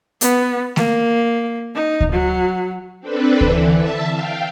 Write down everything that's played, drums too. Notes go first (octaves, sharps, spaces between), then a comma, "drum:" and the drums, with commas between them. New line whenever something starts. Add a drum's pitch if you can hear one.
B3, drum: hi-hat
A#3, drum: snare A3
D#4
drum: kick D2
F#3
C4 D4 A4 B4
D3 E3, drum: kick D2
E5 A5
F5 G5